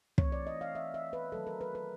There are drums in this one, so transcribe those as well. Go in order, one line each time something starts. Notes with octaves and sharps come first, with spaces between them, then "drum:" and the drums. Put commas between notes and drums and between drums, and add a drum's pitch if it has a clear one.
E3 A3 C4 C#5, drum: kick
D5
D#5
F5
E5
E5
B4
D#3 F#3 A3 A4
A#4
B4
B4